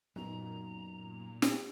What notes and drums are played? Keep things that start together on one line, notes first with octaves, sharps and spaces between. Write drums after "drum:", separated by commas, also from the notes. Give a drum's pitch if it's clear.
F#2 A#2 B3 D#4 A#5
drum: snare